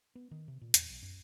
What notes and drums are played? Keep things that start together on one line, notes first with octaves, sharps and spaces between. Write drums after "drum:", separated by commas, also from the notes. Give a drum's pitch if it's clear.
B3
D#3
C3
A#2
E2, drum: hi-hat
B1
F#2